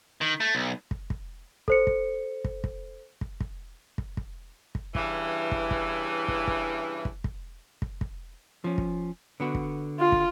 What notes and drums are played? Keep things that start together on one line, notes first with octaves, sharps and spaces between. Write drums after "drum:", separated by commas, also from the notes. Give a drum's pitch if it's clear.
D#3
A3
B1
drum: kick
drum: kick
A4 C5 C#7, drum: kick
drum: kick
drum: kick
drum: kick
drum: kick
drum: kick
drum: kick
drum: kick
drum: kick
G2 C#3 E3, drum: kick
drum: kick
drum: kick
drum: kick
drum: kick
drum: kick
drum: kick
drum: kick
drum: kick
F3 C#4
drum: kick
D3 B3 F#4
drum: kick
F4
drum: kick